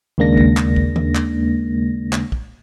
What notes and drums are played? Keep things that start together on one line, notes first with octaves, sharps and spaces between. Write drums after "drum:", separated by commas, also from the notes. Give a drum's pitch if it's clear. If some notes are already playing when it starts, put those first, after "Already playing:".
D#2 C#3 G#3 A#3 D4 A#6
drum: kick
drum: clap
drum: kick
drum: tom D#3
drum: clap
drum: clap
drum: kick